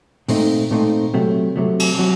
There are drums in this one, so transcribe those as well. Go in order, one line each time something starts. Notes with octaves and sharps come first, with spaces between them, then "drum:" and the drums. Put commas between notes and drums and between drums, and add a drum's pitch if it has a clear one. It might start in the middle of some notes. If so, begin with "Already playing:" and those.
A#2 A3 C4 D#4, drum: open hi-hat
A#2 A3 C4 D#4
C3 F#3 A3
C3 F#3 A3
drum: cymbal
C3 F#3